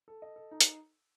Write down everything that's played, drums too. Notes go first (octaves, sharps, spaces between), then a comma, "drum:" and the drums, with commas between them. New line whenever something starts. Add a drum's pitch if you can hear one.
A4
D#5
A4
D#4
drum: hi-hat